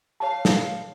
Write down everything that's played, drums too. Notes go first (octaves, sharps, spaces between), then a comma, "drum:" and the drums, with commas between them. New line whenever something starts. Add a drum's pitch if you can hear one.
C#5 F5 A5
drum: snare